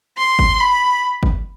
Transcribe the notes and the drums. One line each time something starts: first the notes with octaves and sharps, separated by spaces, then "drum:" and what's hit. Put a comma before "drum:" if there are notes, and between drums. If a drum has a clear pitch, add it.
C6
drum: kick G1
B5
drum: kick G1